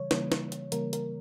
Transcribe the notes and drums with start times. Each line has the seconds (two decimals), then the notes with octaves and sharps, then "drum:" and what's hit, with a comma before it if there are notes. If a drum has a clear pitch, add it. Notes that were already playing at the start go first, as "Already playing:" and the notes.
Already playing: C#3 E3 G3 C#5
0.11 C#3 E3 G3 A#3 C#5, drum: snare
0.32 drum: snare
0.52 drum: hi-hat
0.72 C#3 E3 G3 A#3 A#4, drum: hi-hat
0.93 A#4, drum: hi-hat